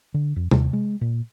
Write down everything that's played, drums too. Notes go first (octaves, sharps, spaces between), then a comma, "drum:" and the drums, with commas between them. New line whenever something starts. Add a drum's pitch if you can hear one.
D3
F2
D#2, drum: tom C3
G#3
A#2